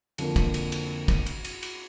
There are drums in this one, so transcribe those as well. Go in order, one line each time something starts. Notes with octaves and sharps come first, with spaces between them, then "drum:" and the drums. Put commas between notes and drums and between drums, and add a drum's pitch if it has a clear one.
F2 D3 F3 A#3, drum: cymbal
drum: kick, cymbal
drum: cymbal
drum: cymbal
drum: kick, cymbal
drum: cymbal
drum: cymbal
drum: cymbal